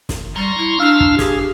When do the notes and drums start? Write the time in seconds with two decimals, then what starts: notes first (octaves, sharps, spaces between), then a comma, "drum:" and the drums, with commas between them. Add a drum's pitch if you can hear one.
0.09 drum: snare
0.36 G3 A#5 C6 C#6
0.58 E4
0.80 D4 F5 E6 F6
1.00 drum: kick
1.19 G4 G#4, drum: snare